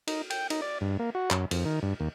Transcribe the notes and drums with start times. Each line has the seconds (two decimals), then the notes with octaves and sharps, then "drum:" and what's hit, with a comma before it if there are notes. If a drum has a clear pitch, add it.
0.07 D#4, drum: cymbal
0.30 G5, drum: cymbal
0.50 D#4, drum: cymbal
0.62 D5
0.81 G2
0.99 A#3
1.15 F#4
1.31 F#2, drum: clap
1.51 F2, drum: cymbal
1.65 D#3
1.82 G2
2.00 D#2